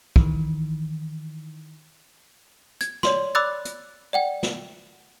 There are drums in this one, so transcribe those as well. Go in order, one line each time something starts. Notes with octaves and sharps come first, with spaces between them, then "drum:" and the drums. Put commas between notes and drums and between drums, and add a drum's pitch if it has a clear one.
D#3 E3, drum: kick
G#6, drum: hi-hat
C#5 D5 C6, drum: snare
D5 B5 D6 E6 F#6 A6
drum: hi-hat
D5 F#5 G5
drum: snare